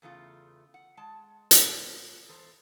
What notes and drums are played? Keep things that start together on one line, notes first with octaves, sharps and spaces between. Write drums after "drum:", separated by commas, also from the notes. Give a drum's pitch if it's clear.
E2 C#3 A3 F4
F#5
G#3 A5
drum: hi-hat
E2 A4 C5